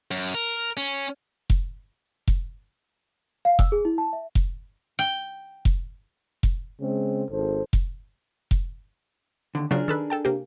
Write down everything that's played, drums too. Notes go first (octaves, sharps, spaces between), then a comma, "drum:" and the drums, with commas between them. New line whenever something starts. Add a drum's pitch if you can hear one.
F#2
A#4
C#4
drum: kick F1
drum: kick F1
F5
E6, drum: kick F1
G#4
E4
A5
E5
drum: kick F1
G5
drum: kick F1
drum: kick F1
C#3 G#3 C4
G#1 A4 C5
drum: kick F1
drum: kick F1
D#2 D3
C#3 F#3 D4 F4 G#4 A#4
D#3 A4 B4
A4 G5 A5
C3 A#3 G4